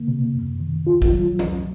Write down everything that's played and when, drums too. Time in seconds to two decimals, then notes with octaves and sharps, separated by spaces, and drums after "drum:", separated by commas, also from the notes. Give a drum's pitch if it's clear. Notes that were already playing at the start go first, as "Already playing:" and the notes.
Already playing: C#3 A#3
0.08 C3
0.35 F#2
0.60 D#3
0.87 F4
1.02 drum: kick A1
1.12 F#3
1.39 C2, drum: tom E3